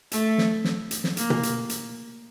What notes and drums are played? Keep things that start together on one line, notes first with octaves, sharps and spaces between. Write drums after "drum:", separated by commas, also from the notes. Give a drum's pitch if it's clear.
A3, drum: hi-hat
drum: snare
drum: snare
drum: hi-hat
drum: snare
A#3, drum: hi-hat
drum: tom B2
drum: hi-hat
drum: hi-hat